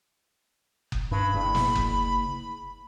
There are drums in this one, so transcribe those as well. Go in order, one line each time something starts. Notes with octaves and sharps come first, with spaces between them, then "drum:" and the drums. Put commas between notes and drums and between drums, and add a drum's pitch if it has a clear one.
drum: kick F#1
G2 B5
F#1
drum: snare
drum: kick F#1